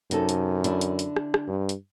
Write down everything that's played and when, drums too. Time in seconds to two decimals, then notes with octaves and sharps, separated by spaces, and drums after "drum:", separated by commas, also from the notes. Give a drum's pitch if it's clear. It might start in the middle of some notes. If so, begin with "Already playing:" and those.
0.11 F#2 C3 D#4 A4, drum: hi-hat
0.29 drum: hi-hat
0.64 D3 D4 E4, drum: hi-hat
0.81 drum: hi-hat
0.99 drum: hi-hat
1.16 drum: rim click
1.34 drum: rim click
1.48 G2
1.69 drum: hi-hat